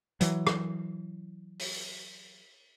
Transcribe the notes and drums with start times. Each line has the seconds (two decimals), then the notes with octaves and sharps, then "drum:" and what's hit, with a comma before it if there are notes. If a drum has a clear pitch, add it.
0.21 E3 F#3, drum: hi-hat
0.47 drum: rim click
1.59 drum: open hi-hat